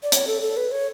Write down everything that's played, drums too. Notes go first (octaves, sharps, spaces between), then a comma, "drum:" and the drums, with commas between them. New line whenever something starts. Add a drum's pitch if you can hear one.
D5
C#5, drum: hi-hat
A4
A4
B4
C#5